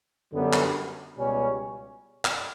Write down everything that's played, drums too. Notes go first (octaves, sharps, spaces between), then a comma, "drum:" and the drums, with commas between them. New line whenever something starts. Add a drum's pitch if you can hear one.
F#2 D3 G3 B3
drum: clap
C#2 B2 G3 C#4
drum: clap